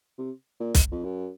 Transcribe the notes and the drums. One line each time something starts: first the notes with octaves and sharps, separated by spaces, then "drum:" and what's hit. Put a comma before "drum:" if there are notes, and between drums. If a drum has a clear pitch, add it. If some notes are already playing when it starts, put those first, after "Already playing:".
C3
A#2
drum: kick, hi-hat
F2
F#2